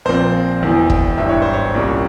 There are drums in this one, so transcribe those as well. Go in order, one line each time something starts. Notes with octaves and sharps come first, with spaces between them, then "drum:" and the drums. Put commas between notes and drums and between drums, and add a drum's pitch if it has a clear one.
A#1 A#2 F3 C4 C5
E1 E2 E3
drum: kick
G#1 G2 E3 E5
C#5
C5
C#5
C2 A#2 G3 C#4